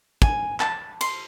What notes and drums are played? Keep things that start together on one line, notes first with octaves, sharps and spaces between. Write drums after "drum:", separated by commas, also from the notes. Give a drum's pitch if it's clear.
G#5, drum: kick
A5, drum: clap
C6, drum: cymbal